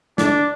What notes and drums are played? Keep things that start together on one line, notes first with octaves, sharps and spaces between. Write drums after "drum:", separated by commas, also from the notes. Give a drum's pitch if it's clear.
D4, drum: snare